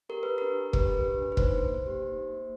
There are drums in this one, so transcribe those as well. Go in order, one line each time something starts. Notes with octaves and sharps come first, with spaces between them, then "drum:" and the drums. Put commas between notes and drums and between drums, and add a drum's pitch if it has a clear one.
G4 A#4
G4 B4
D4 A#4
D4
G4 B4, drum: kick
G4
D4
D4
B4
D#4 C5, drum: kick
A#3
A#3
G4
D#4
A#3
A#3